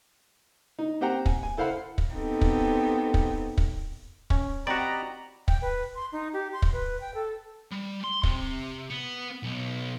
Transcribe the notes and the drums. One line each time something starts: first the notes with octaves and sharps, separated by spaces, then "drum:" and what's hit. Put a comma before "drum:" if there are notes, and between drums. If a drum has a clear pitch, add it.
D#4
C4 G4 C5 F#5 G5 A#5
G#5, drum: kick
G#5
E4 A4 C5 F5 F#5 B5
drum: kick
B3 C4 D#4 G4 A4
drum: kick
drum: kick
drum: kick
C#4, drum: kick
C4 F#4 G4 D5 D#5 A#5 B5
G5, drum: kick
B4
C6
D#4
G4
C6
drum: kick
B4
G5
A4
G3
C6
C3, drum: kick
B3
B1